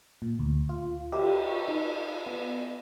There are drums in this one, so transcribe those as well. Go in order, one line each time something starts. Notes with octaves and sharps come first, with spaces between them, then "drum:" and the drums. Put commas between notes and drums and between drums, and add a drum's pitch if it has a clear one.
A#2
D2
F4
G4, drum: cymbal
C#6
D#4
B3